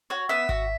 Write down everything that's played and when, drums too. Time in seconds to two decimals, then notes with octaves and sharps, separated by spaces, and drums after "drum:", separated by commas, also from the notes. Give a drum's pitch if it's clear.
0.10 F#4 C#5
0.29 B3 E5
0.49 F#4, drum: kick G#1